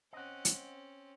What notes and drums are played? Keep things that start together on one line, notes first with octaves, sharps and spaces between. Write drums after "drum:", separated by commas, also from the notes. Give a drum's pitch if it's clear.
C4 C#4 D#5 F#5
drum: hi-hat